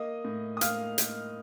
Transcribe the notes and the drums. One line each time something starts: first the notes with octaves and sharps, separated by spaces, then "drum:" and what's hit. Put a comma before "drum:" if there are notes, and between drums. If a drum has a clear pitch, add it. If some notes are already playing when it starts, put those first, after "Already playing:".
Already playing: A#3 D#5 D#6
A2
D#6
A#3 F5 F6, drum: hi-hat
A#3, drum: hi-hat